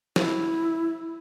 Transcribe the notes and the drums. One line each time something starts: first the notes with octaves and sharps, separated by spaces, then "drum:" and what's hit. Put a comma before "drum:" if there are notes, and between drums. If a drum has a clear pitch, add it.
E4, drum: snare